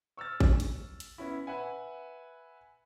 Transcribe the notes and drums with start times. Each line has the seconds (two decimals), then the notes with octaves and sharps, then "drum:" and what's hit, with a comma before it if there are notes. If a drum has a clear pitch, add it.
0.17 C#6 E6 F6 A6
0.40 drum: kick G#1
0.60 drum: hi-hat
1.00 drum: hi-hat
1.18 B3 C#4 E4
1.47 B4 E5 F#5 G#5